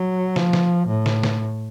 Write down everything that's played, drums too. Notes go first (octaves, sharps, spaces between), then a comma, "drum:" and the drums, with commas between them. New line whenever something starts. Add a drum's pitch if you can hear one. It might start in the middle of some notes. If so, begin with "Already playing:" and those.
Already playing: F#3
F3, drum: snare
drum: snare
A2
drum: snare
drum: snare